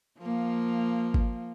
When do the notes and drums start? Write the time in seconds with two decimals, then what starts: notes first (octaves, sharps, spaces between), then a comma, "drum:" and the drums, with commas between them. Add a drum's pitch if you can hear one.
0.19 F3 A#3
1.14 drum: kick G#1